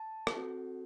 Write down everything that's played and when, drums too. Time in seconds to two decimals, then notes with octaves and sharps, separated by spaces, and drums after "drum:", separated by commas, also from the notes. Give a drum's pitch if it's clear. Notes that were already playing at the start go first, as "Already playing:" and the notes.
Already playing: A5
0.27 drum: rim click
0.36 C4 F#4 A4